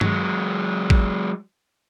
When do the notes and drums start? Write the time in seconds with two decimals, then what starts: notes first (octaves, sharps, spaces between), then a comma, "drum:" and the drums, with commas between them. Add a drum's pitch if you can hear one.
0.01 F#3 G#3, drum: tom
0.90 drum: kick